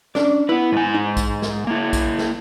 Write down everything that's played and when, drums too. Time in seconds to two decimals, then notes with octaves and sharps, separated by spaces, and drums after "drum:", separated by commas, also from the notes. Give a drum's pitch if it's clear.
0.15 C#4 D4 D5, drum: snare
0.49 B3 E4 B4
0.72 G#2 G#5
0.94 D#4
1.17 drum: kick A#1, tambourine
1.42 drum: snare
1.67 A#3 E4
1.93 drum: kick A#1, tambourine
2.18 drum: snare